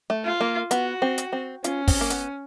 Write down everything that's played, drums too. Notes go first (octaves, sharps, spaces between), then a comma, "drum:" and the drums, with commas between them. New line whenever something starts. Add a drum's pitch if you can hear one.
A3
F4
A#3
B3 F#4, drum: hi-hat
C4
drum: hi-hat
C4
C#4 F4, drum: hi-hat
C4, drum: kick, open hi-hat
A#3
B3, drum: hi-hat